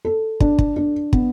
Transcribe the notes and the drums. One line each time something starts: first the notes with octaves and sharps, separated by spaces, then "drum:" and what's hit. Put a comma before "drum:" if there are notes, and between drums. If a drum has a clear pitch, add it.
A4
D4, drum: kick
drum: kick
D4
B3, drum: kick